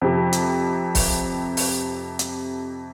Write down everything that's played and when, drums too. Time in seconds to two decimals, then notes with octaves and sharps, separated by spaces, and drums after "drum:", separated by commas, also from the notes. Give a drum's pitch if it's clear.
0.02 F2 C3
0.33 drum: hi-hat
0.95 drum: kick, open hi-hat
1.57 drum: open hi-hat
2.19 drum: hi-hat